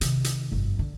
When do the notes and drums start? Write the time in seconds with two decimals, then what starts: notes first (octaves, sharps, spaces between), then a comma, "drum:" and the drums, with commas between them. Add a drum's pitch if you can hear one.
0.01 C3 D#3, drum: hi-hat
0.24 drum: hi-hat
0.52 G1 F2
0.79 D3